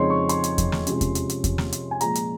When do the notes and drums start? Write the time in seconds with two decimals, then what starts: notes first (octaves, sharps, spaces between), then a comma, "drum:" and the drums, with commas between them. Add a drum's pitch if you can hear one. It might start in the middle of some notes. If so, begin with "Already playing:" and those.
Already playing: F2 C#3 G#3 C4 D#4 C#5 C6
0.10 C#6
0.29 C6, drum: hi-hat
0.44 drum: hi-hat
0.58 drum: kick E2, hi-hat
0.72 drum: snare
0.87 C3 F3 G#3 C#4, drum: hi-hat
1.01 drum: kick E2, hi-hat
1.15 drum: hi-hat
1.30 drum: hi-hat
1.44 drum: kick E2, hi-hat
1.58 drum: snare
1.72 drum: hi-hat
1.91 G#5
2.01 A#2 F3 G#3 A#5, drum: hi-hat
2.15 drum: hi-hat